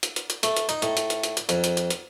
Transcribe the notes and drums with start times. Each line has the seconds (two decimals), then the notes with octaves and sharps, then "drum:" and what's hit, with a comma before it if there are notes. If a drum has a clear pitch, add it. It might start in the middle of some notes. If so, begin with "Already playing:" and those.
0.03 drum: hi-hat
0.16 drum: hi-hat
0.30 drum: hi-hat
0.43 A3, drum: hi-hat
0.57 drum: hi-hat
0.69 D#4, drum: hi-hat
0.82 A2, drum: hi-hat
0.97 drum: hi-hat
1.10 drum: hi-hat
1.23 drum: hi-hat
1.37 drum: hi-hat
1.49 F2, drum: hi-hat
1.64 drum: hi-hat
1.77 drum: hi-hat
1.90 drum: hi-hat